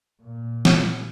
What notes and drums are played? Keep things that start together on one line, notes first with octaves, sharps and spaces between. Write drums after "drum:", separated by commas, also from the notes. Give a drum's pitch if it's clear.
A#2
drum: snare